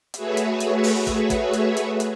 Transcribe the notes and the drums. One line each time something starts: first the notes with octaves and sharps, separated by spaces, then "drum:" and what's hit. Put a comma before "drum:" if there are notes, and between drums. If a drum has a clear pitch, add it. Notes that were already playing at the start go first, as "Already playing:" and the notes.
A3 F#4 G#4 B4 C#5 E5, drum: hi-hat
drum: hi-hat
drum: hi-hat
drum: open hi-hat
drum: kick, hi-hat
drum: kick, hi-hat
drum: hi-hat
drum: hi-hat
drum: hi-hat